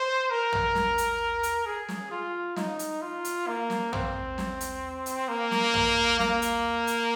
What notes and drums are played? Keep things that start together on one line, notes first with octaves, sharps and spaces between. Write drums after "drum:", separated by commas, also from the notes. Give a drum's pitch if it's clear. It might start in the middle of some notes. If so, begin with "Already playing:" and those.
Already playing: C5
A#4
drum: tom
drum: snare
drum: hi-hat
drum: hi-hat
G#4
drum: snare
F4
D#4, drum: snare
drum: hi-hat
F4
drum: hi-hat
A#3
drum: snare
C4, drum: tom
drum: snare
drum: hi-hat
drum: hi-hat
A#3
drum: snare
drum: tom
A#3, drum: snare
drum: hi-hat
drum: hi-hat